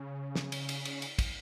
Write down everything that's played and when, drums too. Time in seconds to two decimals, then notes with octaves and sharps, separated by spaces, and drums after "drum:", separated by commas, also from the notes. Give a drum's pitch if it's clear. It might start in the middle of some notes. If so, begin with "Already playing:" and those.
Already playing: C#3
0.35 drum: snare
0.52 drum: cymbal
0.69 drum: cymbal
0.85 drum: cymbal
1.02 drum: cymbal
1.19 drum: kick, cymbal